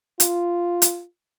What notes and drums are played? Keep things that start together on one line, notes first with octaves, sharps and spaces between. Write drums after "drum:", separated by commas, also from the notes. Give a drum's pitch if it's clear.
F4, drum: hi-hat
drum: hi-hat